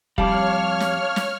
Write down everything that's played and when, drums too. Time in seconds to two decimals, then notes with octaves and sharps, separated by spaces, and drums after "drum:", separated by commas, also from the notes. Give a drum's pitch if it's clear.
0.18 F2 G3 C#5 F5 A5 D6 F6, drum: kick
0.80 drum: snare
1.16 drum: snare